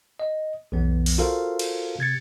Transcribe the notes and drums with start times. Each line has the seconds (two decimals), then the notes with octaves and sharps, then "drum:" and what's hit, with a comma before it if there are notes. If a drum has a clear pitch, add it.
0.20 D#5
0.72 B1 F2 E3 B3
1.06 drum: open hi-hat
1.18 F4 F#4 A4 A#4 C5 F5
1.59 drum: cymbal
1.99 C3 G#6 A6 C#7